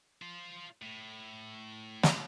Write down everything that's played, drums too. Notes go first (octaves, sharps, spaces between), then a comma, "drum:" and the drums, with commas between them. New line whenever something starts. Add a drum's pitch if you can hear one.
F4 C5
A2
drum: snare